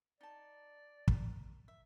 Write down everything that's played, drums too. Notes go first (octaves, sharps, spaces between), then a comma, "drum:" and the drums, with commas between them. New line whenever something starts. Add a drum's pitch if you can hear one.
D#4 D5 A5
A#4, drum: kick
E5